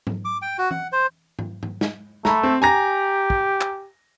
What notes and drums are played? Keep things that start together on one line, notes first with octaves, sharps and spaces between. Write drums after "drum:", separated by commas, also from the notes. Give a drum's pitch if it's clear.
drum: tom G#2
D6
G5
F#4
F#5, drum: tom E3
C5
drum: tom G#2
drum: tom G#2
drum: snare
A3 A#5 B5, drum: snare
C4
G4 G#5 A#5 A#6
drum: kick
drum: clap